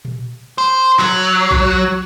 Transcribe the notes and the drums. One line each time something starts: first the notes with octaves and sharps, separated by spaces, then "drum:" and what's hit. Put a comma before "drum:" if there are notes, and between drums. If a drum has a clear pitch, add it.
drum: tom A#2
C5
F#3, drum: clap
drum: kick B1